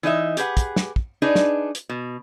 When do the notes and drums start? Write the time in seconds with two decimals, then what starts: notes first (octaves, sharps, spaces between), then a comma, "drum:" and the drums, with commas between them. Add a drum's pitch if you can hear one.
0.03 E3 D#4 D#5 E5
0.37 G4 G#4 B4 F#5, drum: hi-hat
0.57 drum: kick, hi-hat
0.76 drum: snare
0.96 drum: kick
1.22 D4 D#4 G#4 B4
1.35 drum: snare
1.75 drum: hi-hat
1.89 B2